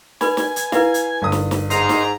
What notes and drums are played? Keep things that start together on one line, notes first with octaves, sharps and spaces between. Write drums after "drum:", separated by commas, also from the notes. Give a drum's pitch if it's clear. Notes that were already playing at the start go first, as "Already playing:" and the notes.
B4 G#5 B5, drum: snare
drum: snare
drum: hi-hat
E4 B4 F5, drum: snare
drum: hi-hat
G1 D#6
drum: snare
drum: snare
G#2 D#4 A#5 C6, drum: hi-hat
drum: snare